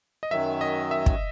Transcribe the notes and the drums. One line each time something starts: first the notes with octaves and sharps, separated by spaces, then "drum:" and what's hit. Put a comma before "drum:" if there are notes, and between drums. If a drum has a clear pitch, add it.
D#5
F#2 D#3 F#3 E5
D#5
E5
drum: kick